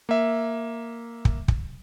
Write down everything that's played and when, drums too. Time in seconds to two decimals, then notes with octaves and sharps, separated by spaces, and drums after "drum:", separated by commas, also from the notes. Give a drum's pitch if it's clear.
0.09 A#3 E5
1.25 drum: kick
1.48 drum: kick